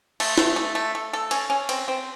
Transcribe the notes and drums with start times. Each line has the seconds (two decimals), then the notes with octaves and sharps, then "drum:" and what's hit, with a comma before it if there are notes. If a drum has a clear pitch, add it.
0.20 A3, drum: cymbal
0.38 A3, drum: snare
0.56 A3
0.75 A3
0.95 A3
1.13 A4
1.31 C#4, drum: cymbal
1.50 C#4
1.69 C4, drum: cymbal
1.88 C4